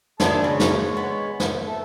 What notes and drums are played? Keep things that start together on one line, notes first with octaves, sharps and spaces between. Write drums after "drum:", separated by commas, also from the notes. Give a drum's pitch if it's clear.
D#3 D4 G#4 A4 C#5 A5, drum: snare
C#3 G#3 C#5
drum: snare
B3
drum: snare
A3 A4